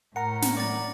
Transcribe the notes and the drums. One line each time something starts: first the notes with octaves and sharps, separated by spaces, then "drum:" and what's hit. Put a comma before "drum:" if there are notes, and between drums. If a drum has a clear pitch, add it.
A2 A#4 F#5 A#5 C#7
drum: snare
D5 D6 A6